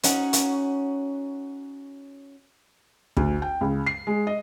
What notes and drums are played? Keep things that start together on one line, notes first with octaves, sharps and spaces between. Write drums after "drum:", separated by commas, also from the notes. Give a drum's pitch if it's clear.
C#4 D#4 F#4, drum: hi-hat
drum: hi-hat
D2, drum: kick
G5
C#2
C7
G#3
D#5